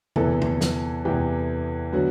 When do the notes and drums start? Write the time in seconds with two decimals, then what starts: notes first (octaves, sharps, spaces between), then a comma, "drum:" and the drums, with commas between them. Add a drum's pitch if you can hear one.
0.16 E2 C3 E3 B3 A4, drum: tom
0.42 drum: tom
0.61 drum: snare
1.05 E2 C3 E3 B3 G4
1.93 D3 F#3 B3 F#4